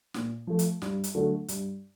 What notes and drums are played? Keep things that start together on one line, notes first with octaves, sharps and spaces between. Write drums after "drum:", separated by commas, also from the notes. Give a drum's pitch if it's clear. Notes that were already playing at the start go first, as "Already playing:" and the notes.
A#2, drum: snare
F3 A3
drum: hi-hat
G2, drum: snare
drum: hi-hat
D3 F#3 A3
G2, drum: hi-hat